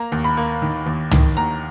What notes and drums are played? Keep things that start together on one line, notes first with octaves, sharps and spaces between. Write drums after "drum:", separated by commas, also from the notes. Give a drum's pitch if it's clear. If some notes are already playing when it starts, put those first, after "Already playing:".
Already playing: A#3 A#5
D#2
B5
A#3
D#3
D#2
D#3, drum: tom
D#2 A#5